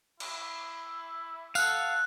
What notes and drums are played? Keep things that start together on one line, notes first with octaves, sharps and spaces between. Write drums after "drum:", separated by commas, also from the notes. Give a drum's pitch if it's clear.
E4, drum: cymbal
A4 F5 F#5 F#6, drum: tambourine